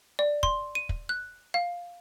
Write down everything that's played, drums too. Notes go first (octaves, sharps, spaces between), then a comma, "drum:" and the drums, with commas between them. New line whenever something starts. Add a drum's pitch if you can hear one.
D5
C6, drum: kick
D#7
drum: kick
F#6
F5